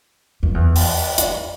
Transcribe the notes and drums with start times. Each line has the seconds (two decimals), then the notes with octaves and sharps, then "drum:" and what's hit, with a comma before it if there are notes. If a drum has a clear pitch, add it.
0.43 F2
0.54 E2
0.76 drum: open hi-hat
1.18 F2, drum: hi-hat